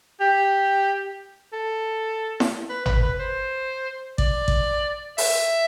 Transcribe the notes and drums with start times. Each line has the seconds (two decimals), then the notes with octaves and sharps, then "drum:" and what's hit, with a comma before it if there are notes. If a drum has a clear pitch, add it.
0.20 G4
1.53 A4
2.40 drum: snare E4
2.69 B4
2.86 B4, drum: tom G#1
3.02 B4
3.19 C5
4.18 D5, drum: kick A1
4.48 drum: kick A1
5.18 E5, drum: open hi-hat